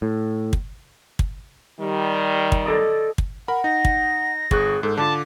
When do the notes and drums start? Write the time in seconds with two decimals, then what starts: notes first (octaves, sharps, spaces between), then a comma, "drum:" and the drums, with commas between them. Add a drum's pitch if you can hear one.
0.02 A2
0.53 drum: kick
1.19 drum: kick
1.80 D#3 G3
2.52 drum: kick
2.66 A4 D5 D#5
3.18 drum: kick
3.48 A#4 F#5 B5
3.64 D#4 A#6
3.85 drum: kick
4.51 G1 G#4 C#6 F#6, drum: kick
4.83 G#2 A4
4.97 D3 F4 A5 D6